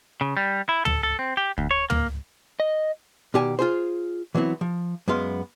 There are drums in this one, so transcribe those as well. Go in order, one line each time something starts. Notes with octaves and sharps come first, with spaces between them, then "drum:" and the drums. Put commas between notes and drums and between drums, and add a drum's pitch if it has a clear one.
C#3
G3
E4
A4, drum: tom
A4
C4
G4
D2, drum: kick
C#5
A#3, drum: tom
D#5
B2 D#3 G4 D5 G#5
F4 G#4 C5
E3 F#3 B3 C4 E4
F3
F#2 G#3 B3 F5 C6